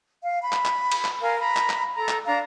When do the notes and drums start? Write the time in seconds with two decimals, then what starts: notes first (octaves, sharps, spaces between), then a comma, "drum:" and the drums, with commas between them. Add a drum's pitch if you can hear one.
0.24 F5
0.43 B5
0.52 drum: clap
0.65 drum: clap
0.92 drum: cymbal
1.05 drum: clap
1.21 A#4 F5 G#5
1.39 A#5 B5
1.57 drum: clap
1.70 drum: clap
1.96 A4 A#5
2.09 drum: clap
2.26 D4 F5 A#5